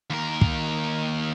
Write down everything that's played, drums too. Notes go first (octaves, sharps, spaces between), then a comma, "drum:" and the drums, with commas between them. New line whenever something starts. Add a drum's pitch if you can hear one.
D#2 A#4
drum: kick